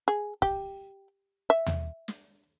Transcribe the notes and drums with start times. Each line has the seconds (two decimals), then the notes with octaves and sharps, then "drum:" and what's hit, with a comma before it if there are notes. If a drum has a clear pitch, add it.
0.08 G#4
0.42 G4, drum: kick
1.50 E5
1.66 drum: tom D#2
2.08 drum: snare